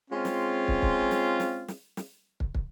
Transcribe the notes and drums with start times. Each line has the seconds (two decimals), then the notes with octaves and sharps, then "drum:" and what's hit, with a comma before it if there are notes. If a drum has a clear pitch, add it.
0.11 G#3 C4 C#4 F4
0.25 drum: snare
0.68 drum: kick
0.82 drum: kick
1.11 drum: snare
1.40 drum: snare
1.68 drum: snare
1.97 drum: snare
2.40 drum: kick
2.55 drum: kick